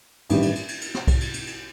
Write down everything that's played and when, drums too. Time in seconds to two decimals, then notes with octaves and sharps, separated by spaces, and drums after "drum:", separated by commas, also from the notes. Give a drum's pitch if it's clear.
0.30 A1 G2 D#3 G3, drum: cymbal
0.42 drum: cymbal
0.55 drum: cymbal
0.68 drum: cymbal
0.81 drum: cymbal
0.94 drum: snare
1.08 drum: kick B1, cymbal
1.21 drum: cymbal
1.34 drum: cymbal
1.47 drum: cymbal